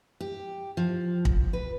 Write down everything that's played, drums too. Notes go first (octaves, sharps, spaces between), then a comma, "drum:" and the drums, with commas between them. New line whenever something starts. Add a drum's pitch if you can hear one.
G4
F3
drum: kick
B4